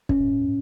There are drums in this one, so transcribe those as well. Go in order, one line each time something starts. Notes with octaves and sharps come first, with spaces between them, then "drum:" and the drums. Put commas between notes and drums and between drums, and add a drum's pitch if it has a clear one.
C#4, drum: kick